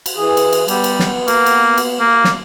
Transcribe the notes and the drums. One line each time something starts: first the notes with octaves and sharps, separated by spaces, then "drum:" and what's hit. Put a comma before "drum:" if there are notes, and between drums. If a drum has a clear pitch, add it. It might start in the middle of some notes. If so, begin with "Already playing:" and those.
drum: cymbal
E3 G#4
drum: cymbal
drum: cymbal
G3 B3, drum: cymbal
drum: cymbal
drum: snare
A#3, drum: cymbal
drum: cymbal
drum: cymbal
A#3
drum: snare